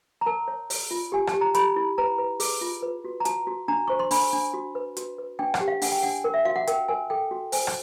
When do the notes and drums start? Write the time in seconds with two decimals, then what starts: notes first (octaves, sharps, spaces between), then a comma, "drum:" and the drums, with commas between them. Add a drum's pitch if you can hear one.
0.21 A#5
0.26 A#4 A5
0.48 C#5
0.70 C#5, drum: open hi-hat
0.91 F4
1.12 G4 G#5
1.27 A5, drum: rim click
1.33 G4
1.41 A#5
1.55 G4 B5, drum: hi-hat
1.76 E4
1.98 B4 A#5
2.18 B4
2.40 G#4, drum: open hi-hat
2.61 F4
2.82 B4
3.05 F#4
3.20 A#5
3.25 F#4 A5, drum: hi-hat
3.47 F#4
3.68 D4 A#5
3.88 C5 C#6
3.99 C6
4.11 D4 B5, drum: open hi-hat
4.33 D4
4.54 F#4
4.75 B4
4.97 F#4, drum: hi-hat
5.18 B4
5.39 D4 G5
5.54 F#5, drum: rim click
5.61 G4
5.68 F5
5.82 D4 F#5, drum: open hi-hat
5.92 G5
6.03 D4 F#5
6.24 A#4
6.34 E5
6.45 F#4 F5
6.56 F#5
6.67 A#4 G5, drum: hi-hat
6.88 A#4 G#5
7.10 A4 G5
7.31 F#4
7.52 C5 G#5, drum: open hi-hat
7.67 drum: rim click